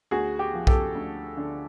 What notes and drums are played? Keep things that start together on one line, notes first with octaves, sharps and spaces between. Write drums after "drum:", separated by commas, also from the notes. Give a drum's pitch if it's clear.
D2 F#4 G#4
G4
F3
G4 A4, drum: kick B1
D2
D3